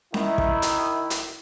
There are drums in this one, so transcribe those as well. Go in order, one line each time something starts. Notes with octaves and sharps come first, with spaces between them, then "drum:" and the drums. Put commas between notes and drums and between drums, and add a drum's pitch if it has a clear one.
D#3 E4, drum: snare C#4
drum: kick
drum: hi-hat
drum: hi-hat